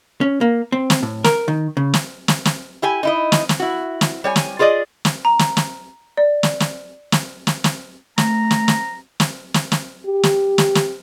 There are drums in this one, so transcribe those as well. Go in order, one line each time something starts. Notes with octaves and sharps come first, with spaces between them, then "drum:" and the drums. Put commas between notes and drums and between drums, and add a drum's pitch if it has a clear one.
C#4
A#3
C4
drum: snare
A2
A#4, drum: snare
D#3
C#3
drum: snare
drum: snare
drum: snare
E4 G4 G#5
D#4 E4 D#5
drum: snare
drum: snare
E4 F#4
drum: snare
G3 C#5 G#5
drum: snare
F4 G#4 B4 D5 D#5
drum: snare
A#5
drum: snare
drum: snare
D5
drum: snare
drum: snare
drum: snare
drum: snare
drum: snare
A3 A#5, drum: snare
drum: snare
drum: snare
drum: snare
drum: snare
drum: snare
G4
drum: snare
drum: snare
drum: snare